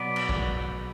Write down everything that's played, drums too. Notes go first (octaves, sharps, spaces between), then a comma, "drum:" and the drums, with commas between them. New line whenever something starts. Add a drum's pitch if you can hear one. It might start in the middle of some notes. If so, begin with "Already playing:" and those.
Already playing: B2 F#3 B3 D5
drum: cymbal
drum: kick